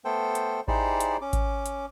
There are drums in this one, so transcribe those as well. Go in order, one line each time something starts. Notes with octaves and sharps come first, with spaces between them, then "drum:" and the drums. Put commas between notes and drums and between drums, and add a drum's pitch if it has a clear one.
A3 B3 A4 C5 G5
drum: hi-hat
D#4 E4 G4 G#4 C5 D5, drum: kick G#1
drum: hi-hat
C#4 D6
drum: kick G#1, hi-hat
drum: hi-hat